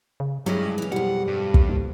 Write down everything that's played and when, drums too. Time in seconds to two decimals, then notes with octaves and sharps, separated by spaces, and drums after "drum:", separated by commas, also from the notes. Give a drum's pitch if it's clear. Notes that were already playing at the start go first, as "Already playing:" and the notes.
0.20 C#3
0.46 G2 F#3 G#3 C#4 E4 G#4 D#5
0.78 E3 C#4
0.92 F2 B2 G3 F#5
1.28 G2
1.54 drum: kick
1.69 D#2